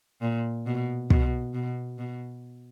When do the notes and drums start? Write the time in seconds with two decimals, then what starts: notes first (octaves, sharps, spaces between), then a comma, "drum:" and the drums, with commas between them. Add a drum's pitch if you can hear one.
0.22 A#2
0.67 B2
1.10 B2, drum: kick
1.54 B2
1.99 B2